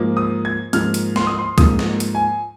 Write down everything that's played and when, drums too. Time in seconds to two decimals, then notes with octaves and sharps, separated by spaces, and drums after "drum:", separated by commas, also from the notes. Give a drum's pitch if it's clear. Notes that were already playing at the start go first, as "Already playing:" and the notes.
Already playing: G#2 F3 A#3
0.17 D#6
0.45 G#6
0.73 G#2 F3 A#3 F6, drum: hi-hat
0.94 drum: hi-hat
1.16 C6, drum: snare
1.27 D#6
1.38 C6
1.58 G#2 F3 A#3 D#6, drum: kick, hi-hat
1.79 drum: snare
2.00 drum: hi-hat
2.15 G#5